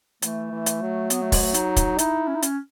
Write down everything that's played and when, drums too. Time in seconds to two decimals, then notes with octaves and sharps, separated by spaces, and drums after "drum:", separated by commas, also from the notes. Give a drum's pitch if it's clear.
0.22 E3 A3, drum: hi-hat
0.52 E3
0.66 drum: hi-hat
0.81 F#3
1.10 B3, drum: hi-hat
1.22 A3
1.32 G#3, drum: kick, open hi-hat
1.42 A3
1.54 D#4, drum: hi-hat
1.76 drum: kick, hi-hat
1.98 D#4 E4, drum: hi-hat
2.28 C#4
2.35 D#4
2.42 C#4, drum: hi-hat